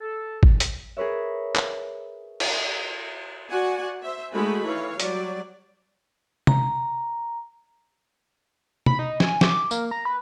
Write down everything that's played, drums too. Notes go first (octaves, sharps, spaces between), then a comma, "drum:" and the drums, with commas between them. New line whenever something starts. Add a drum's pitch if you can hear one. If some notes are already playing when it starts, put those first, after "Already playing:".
A4
drum: kick
drum: hi-hat
G#4 A#4 B4 C#5 E5
drum: clap
drum: cymbal
F#4 D5 F#5 G#5
C5 E5
G#3 A3 D#4 F#4 G#5 B5
E3 C#5 F5
F#3 G3 D5, drum: hi-hat
A#5, drum: tom C3
B5, drum: tom C3
D#4
G#5, drum: snare
D6, drum: snare
A#3, drum: tambourine
A#5
B4